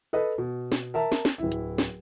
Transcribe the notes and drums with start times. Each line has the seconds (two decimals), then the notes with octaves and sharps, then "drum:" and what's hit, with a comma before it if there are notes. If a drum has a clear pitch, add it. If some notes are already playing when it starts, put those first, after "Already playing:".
0.13 A4 B4 D#5
0.38 B2
0.72 drum: snare
0.94 A#4 E5 A5 A#5
1.12 drum: snare
1.25 drum: snare
1.38 D1 E4
1.52 drum: hi-hat
1.78 drum: snare